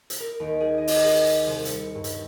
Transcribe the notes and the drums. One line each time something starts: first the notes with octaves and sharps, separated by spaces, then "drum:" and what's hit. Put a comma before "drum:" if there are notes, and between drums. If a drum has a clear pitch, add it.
drum: hi-hat
A#4
D#2
G#4
D#5
drum: open hi-hat
G#4
drum: hi-hat
C2
C#7, drum: hi-hat
G2
drum: hi-hat